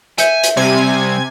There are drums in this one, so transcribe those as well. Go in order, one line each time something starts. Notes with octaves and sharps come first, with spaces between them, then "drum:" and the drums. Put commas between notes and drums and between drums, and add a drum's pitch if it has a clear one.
E5 G#5 G6 C#7, drum: hi-hat
drum: hi-hat
C3 G3 C4 G#5 G#6